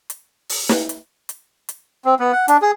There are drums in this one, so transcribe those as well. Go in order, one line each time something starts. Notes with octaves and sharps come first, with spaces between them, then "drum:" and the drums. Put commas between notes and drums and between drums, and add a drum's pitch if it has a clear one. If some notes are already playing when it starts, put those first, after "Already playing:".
drum: hi-hat
drum: open hi-hat
drum: snare
drum: hi-hat
drum: hi-hat
drum: hi-hat
C4
B3
F#5
D4, drum: hi-hat
G#4